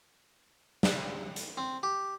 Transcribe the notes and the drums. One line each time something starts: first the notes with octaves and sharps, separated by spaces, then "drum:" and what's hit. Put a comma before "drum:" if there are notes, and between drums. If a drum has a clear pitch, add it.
drum: snare
drum: hi-hat
C4
G4